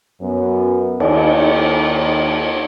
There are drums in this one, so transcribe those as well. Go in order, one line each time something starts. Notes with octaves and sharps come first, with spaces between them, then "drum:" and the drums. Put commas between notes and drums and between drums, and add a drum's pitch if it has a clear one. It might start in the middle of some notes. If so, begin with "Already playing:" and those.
F#2 B3
D#2 D#4, drum: cymbal